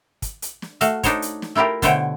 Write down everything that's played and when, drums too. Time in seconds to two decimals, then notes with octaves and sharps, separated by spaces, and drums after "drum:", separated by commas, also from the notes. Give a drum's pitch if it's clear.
0.22 drum: kick, hi-hat
0.42 drum: hi-hat
0.62 drum: snare
0.81 A3 F#4 F5, drum: hi-hat
1.03 D4 D#4 C5 C#5, drum: kick, hi-hat
1.22 drum: hi-hat
1.42 drum: snare
1.55 A3 E4 F4 G4 A#4
1.82 B2 D3 A3 C5 C#5 G5, drum: kick, hi-hat